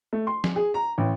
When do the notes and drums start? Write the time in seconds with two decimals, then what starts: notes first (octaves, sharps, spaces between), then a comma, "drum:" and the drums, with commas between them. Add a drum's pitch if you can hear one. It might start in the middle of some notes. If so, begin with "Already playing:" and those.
0.13 A3
0.27 C6
0.44 drum: snare
0.56 G#4
0.74 A#5
0.98 A1